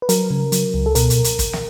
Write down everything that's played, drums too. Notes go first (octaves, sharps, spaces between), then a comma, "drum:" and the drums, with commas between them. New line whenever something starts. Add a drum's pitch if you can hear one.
B4
F#3 A#4, drum: hi-hat
C#3
F#3, drum: hi-hat
C#2
A4
B2 A#4, drum: hi-hat
drum: hi-hat
drum: hi-hat
drum: kick, hi-hat
drum: snare